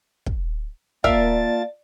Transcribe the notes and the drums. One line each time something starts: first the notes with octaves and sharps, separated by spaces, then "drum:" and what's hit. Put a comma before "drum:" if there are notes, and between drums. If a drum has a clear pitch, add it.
drum: kick
A#3 F4 A#4 D5 E5 F5 A5 A6, drum: kick